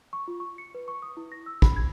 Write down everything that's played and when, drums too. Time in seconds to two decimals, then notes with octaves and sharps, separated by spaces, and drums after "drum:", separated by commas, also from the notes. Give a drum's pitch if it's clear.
0.13 C#6
0.28 F4
0.40 C#6
0.58 C#7
0.75 B4
0.88 C#6
1.02 D#6
1.17 E4
1.32 A#6
1.46 E6
1.62 B5, drum: kick
1.76 G#6